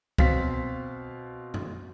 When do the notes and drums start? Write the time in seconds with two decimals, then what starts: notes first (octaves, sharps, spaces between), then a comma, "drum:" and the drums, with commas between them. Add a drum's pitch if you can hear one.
0.18 B2 C4 F5 B6, drum: kick B1
1.54 drum: tom F#2